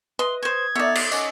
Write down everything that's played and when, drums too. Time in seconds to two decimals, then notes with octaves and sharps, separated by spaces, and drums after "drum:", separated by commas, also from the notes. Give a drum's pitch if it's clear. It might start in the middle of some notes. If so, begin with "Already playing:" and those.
0.19 B4 D#5 C6
0.43 C5 C#6 G#6
0.75 B3 D#4 A4 C#5 D5 E5
0.95 drum: cymbal
1.12 C#4 D#5 F#5 D6, drum: tambourine